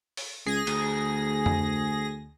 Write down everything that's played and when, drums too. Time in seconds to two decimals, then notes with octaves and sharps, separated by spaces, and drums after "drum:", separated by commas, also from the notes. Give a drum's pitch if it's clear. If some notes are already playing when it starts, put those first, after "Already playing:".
0.17 drum: open hi-hat
0.46 C#2 G#4 A#6
0.67 D2, drum: cymbal
1.46 drum: tom F2